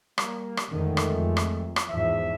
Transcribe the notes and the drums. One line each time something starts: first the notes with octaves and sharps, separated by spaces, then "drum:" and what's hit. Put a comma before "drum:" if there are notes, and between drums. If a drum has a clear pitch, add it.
G3 A#3, drum: rim click
drum: rim click
F2 D3 D#3 G#3 A3 G4
drum: rim click
F2
drum: rim click
drum: rim click
E2 G#2 F3 E5